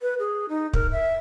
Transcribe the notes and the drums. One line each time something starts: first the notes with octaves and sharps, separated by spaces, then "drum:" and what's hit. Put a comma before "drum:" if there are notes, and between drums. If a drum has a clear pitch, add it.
B4
G#4
D#4
A#4, drum: kick
E5